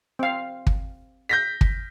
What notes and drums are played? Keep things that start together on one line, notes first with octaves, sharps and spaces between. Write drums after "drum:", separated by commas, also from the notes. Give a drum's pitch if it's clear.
C4 F5
drum: kick
G6 A#6 B6
drum: kick